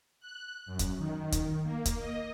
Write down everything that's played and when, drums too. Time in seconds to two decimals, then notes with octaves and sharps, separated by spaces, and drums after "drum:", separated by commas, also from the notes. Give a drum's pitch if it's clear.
0.20 F#6
0.66 F#2
0.79 drum: kick, hi-hat
0.98 D#3
1.32 drum: kick, hi-hat
1.63 A#3
1.85 drum: kick, hi-hat
1.99 D#5